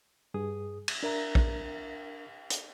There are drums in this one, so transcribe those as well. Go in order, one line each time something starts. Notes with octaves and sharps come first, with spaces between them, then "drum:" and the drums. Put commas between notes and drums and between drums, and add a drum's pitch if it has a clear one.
G2 G#4 D#6
drum: cymbal
D4 A#4 E5 A#5
drum: kick A#1
drum: hi-hat